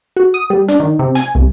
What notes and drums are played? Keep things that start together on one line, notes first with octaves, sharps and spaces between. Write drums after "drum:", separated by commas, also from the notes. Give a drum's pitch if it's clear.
F#4
D#6
G3
D4, drum: hi-hat
D#3
C3
G#5, drum: hi-hat
C2